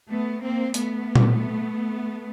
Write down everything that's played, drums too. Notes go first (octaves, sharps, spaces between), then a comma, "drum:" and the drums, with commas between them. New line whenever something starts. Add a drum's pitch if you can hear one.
A3 B3
A#3 C4
A3 B3, drum: hi-hat
drum: tom A#2